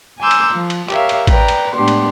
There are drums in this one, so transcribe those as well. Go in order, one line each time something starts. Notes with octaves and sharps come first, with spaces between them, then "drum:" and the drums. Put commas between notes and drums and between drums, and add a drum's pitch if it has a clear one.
G#5 A#5 C6 D6 E6 G6
drum: cymbal
F3
drum: cymbal
G4 A#4 C#5 E5 F5, drum: clap
drum: cymbal
B4 D5 G5 A#5, drum: kick A1, cymbal
drum: cymbal
A2 G#3 B3 D4 G4 C6
drum: cymbal